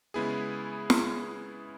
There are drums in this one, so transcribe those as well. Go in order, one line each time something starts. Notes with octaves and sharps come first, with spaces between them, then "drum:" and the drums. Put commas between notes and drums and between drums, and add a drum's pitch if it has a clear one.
C#3 G#3 B3 E4 G#4
drum: snare